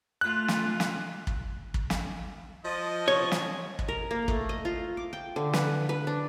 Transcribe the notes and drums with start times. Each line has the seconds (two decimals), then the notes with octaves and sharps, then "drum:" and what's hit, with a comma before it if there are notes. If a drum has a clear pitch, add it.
0.21 A3 F4 F#6
0.48 drum: snare
0.80 drum: snare
1.27 drum: kick
1.74 drum: kick
1.90 drum: snare
2.64 F3 D#5
3.08 C#5
3.32 drum: snare
3.79 drum: kick
3.88 A#4
4.11 A#3
4.28 A3, drum: kick
4.49 D#5
4.65 F4
4.97 D6
5.13 G5
5.36 D3
5.53 B4, drum: snare
5.89 B4
6.07 D4